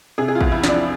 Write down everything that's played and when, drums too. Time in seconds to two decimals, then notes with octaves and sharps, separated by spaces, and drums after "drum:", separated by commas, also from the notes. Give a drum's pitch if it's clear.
0.18 C3 G#4
0.28 G#4
0.35 F4
0.41 E2, drum: kick
0.52 E4
0.64 F3, drum: snare
0.69 D4